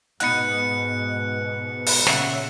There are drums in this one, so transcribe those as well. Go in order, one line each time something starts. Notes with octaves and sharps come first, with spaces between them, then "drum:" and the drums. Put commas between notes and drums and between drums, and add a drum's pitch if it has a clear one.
G#2 B2 B3 D#4 F#5 F#6 C#7, drum: hi-hat
drum: open hi-hat
A#2 C#3 C#5 E5 F#5, drum: snare